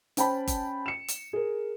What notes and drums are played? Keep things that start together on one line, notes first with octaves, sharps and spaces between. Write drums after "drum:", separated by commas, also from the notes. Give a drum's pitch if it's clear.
C#4 C5 G5 A5 B5, drum: hi-hat
drum: kick F#1, hi-hat
C#7 E7
drum: hi-hat
G#4 A#4